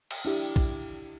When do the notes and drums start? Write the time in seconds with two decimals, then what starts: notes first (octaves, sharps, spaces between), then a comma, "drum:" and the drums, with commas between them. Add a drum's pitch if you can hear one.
0.11 drum: cymbal
0.25 D4 E4 G4
0.56 drum: kick